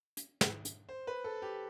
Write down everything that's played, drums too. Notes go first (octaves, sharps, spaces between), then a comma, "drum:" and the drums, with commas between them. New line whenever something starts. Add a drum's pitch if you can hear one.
drum: hi-hat
drum: snare
drum: hi-hat
C5
B4
A4
G4